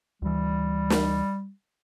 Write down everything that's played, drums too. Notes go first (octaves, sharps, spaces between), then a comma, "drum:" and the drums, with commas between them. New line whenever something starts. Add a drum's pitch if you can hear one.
D2 E3 G3
drum: snare